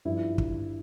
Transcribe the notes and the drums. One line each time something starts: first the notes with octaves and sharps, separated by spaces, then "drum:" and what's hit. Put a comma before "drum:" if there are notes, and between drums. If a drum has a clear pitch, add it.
G2 F3 E4
drum: kick